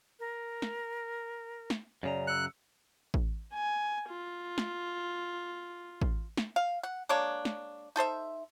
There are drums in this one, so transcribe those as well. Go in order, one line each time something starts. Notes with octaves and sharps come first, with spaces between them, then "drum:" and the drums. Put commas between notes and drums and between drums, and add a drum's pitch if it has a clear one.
A#4
drum: snare
drum: snare
F#2 C#3 C#5 D5 A#5
E6 F#6 C#7
drum: kick A1
G#5
F4
drum: snare
drum: kick A1
drum: snare
F5
F#5
G#3 A#3 D4 C#5
drum: snare
D#4 A4 C5 E5